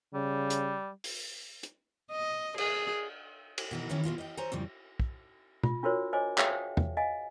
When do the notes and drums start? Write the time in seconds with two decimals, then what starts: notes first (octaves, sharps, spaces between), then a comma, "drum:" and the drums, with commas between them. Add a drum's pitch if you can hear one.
0.14 C#3 G3
0.50 drum: hi-hat
1.04 drum: open hi-hat
1.63 drum: hi-hat
2.12 D#5
2.58 G#4, drum: cymbal
3.58 drum: cymbal
3.71 B2 E3 D#4
3.89 D#3 E3 C#4 E4
4.04 B2 E4 F4 G#4
4.18 D#5 G5
4.37 C5 C#5 G#5 A#5
4.52 F2 A2 C#3 F3 G3
5.00 drum: kick
5.63 F4, drum: tom B2
5.83 D4 F4 F#4 A#4 C5 C#5
6.13 C5 C#5 D#5 G#5 D6
6.38 G#4 C#5 E5 F5 G5, drum: clap
6.49 C5
6.77 drum: tom
6.97 D#5 F5 G#5